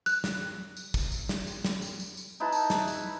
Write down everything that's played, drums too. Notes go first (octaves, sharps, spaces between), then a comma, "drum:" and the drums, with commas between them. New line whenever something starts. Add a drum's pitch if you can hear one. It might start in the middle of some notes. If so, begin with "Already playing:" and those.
F#6, drum: tambourine
drum: snare
drum: tambourine
drum: kick, tambourine
drum: tambourine
drum: snare
drum: tambourine
drum: snare
drum: tambourine
drum: tambourine
drum: tambourine
D#4 E4 B4 A5
drum: tambourine
drum: snare
drum: tambourine